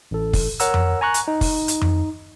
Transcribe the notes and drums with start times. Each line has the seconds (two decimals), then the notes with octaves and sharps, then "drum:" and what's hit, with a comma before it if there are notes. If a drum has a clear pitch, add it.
0.11 A1 A4
0.33 drum: kick, open hi-hat
0.60 A#4 C#5 F#5 A#5 E6, drum: hi-hat
0.74 drum: tom F2
1.01 G#5 A#5 C#6 F#6
1.14 drum: hi-hat
1.28 D#4
1.41 drum: kick, open hi-hat
1.68 drum: hi-hat
1.81 drum: tom F2